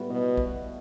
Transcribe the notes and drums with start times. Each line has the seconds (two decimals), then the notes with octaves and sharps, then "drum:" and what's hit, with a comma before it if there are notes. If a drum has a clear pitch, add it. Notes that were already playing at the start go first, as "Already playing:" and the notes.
Already playing: A2 G3 B3 F#4
0.10 B2
0.37 drum: kick